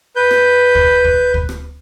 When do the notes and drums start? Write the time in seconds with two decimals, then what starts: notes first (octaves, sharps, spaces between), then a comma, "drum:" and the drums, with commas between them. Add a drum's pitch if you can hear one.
0.16 B4 G6
0.31 drum: rim click
0.75 drum: kick
1.04 drum: kick
1.34 drum: kick
1.49 drum: rim click